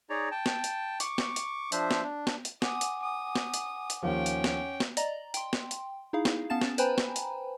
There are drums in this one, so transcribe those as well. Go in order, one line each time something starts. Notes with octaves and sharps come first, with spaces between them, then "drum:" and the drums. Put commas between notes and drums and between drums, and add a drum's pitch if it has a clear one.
D#4 G#4 C#5 D5 A#5
G5 A5
drum: snare
drum: hi-hat
C#6 D6, drum: hi-hat
drum: snare
drum: hi-hat
F3 D4 C5 E5, drum: hi-hat
drum: snare
D4
drum: snare
drum: hi-hat
F#5 G#5 D6 D#6, drum: snare
drum: hi-hat
D#6
drum: snare
drum: hi-hat
drum: hi-hat
D#2 F3 C#4 G5
drum: hi-hat
drum: snare
drum: snare
D5 D#5 A#5, drum: hi-hat
G5 C6, drum: hi-hat
drum: snare
drum: hi-hat
D#4 E4 G#4 F5
drum: snare
B3 C#4 F5 A5 A6 E7
drum: snare
B4 C5 G5 G#5 A#5 B5, drum: hi-hat
drum: snare
drum: hi-hat